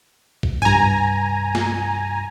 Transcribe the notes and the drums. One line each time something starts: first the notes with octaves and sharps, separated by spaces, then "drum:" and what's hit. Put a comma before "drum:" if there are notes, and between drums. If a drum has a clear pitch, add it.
drum: kick A#1
C2 G2 G#5 A#5, drum: tom G#2
drum: snare